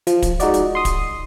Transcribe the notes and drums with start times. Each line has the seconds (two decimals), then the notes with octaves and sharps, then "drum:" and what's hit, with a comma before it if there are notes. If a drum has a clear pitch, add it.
0.07 F3, drum: hi-hat
0.22 drum: kick, hi-hat
0.40 G#3 D#4 F#4 D5, drum: hi-hat
0.54 drum: hi-hat
0.75 C6 D#6
0.85 drum: kick, hi-hat